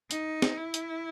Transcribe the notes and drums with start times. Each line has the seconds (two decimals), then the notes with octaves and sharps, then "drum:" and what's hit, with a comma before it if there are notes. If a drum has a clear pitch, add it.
0.11 D#4, drum: hi-hat
0.42 drum: snare
0.58 E4
0.74 drum: hi-hat